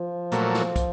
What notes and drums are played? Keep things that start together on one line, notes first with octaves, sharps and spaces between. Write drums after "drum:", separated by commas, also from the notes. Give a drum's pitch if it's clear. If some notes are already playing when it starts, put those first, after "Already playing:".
Already playing: F3
A#2 F#3 A3, drum: hi-hat
drum: snare
drum: kick, hi-hat